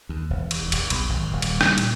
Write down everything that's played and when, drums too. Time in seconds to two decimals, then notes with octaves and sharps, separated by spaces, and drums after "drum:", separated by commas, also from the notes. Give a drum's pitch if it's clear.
0.09 D#2
0.30 E1
0.51 drum: cymbal
0.61 E2
0.72 E1, drum: cymbal
0.90 B1, drum: cymbal
1.09 G#1
1.32 D#1
1.42 drum: cymbal
1.61 G3, drum: rim click
1.78 A#2, drum: cymbal